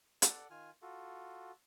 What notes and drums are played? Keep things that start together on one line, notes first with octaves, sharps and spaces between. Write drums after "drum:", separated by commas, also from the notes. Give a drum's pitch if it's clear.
A4 D5 F#5, drum: hi-hat
D#3 F4 G#5 F6
F4 F#4 A4